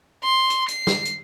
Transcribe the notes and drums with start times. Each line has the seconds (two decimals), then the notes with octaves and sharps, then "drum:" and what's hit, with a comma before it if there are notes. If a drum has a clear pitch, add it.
0.24 C6
0.50 drum: hi-hat
0.68 C7, drum: hi-hat
0.87 drum: snare
1.05 drum: hi-hat